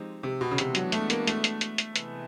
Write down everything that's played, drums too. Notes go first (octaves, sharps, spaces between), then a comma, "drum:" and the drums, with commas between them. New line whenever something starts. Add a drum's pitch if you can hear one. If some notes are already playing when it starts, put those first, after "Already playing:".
Already playing: F3 G#3 C4 D#4 G4
C3
B2
C#3
C3 E3 G#3 B3 D4 F#4, drum: hi-hat
F#3, drum: hi-hat
A3, drum: hi-hat
A#3, drum: hi-hat
A3, drum: hi-hat
drum: hi-hat
drum: hi-hat
drum: hi-hat
C3 E3 G#3 B3, drum: hi-hat